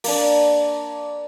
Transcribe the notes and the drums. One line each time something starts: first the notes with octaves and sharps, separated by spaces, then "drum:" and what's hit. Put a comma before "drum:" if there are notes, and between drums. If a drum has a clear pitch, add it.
A#3 D4, drum: open hi-hat